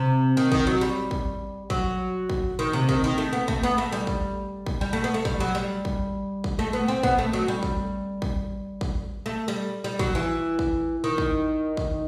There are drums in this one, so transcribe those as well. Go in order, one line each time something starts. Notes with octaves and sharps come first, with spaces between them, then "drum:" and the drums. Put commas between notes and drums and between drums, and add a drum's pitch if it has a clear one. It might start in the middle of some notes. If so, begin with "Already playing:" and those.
Already playing: C3
D#3
D#3, drum: kick
F#3
G3
drum: kick
F#3, drum: kick
drum: kick
D#3
C3
D#3, drum: kick
D#3
A3
B3
A3, drum: kick
B3
A3
G3
drum: kick
drum: kick
G3
A3
B3
A3
G3, drum: kick
F#3
G3
drum: kick
drum: kick
A3
B3
C4
B3, drum: kick
A3
F#3
G3
drum: kick
drum: kick
drum: kick
A3
G3
G3
F#3, drum: kick
E3
drum: kick
D#3
drum: kick
drum: kick